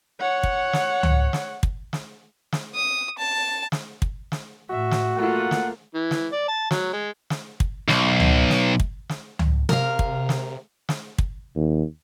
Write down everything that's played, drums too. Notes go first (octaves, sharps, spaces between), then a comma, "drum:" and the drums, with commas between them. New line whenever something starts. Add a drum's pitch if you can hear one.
C#5 F#5
drum: kick
drum: snare
drum: tom C#2
drum: snare
drum: kick
drum: snare
drum: snare
D#6
A5
drum: snare
drum: kick
drum: snare
A2 F#4 E5
drum: snare
A3 A#3 F4 F#5
drum: snare
E3
drum: snare
D5
A5
F#3, drum: snare
G#3
drum: snare
drum: kick
B1, drum: snare
drum: tom C#2
drum: snare
drum: kick
drum: snare
drum: tom C#2
C3 A#4 F5, drum: snare
drum: kick
drum: snare
drum: snare
drum: kick
D#2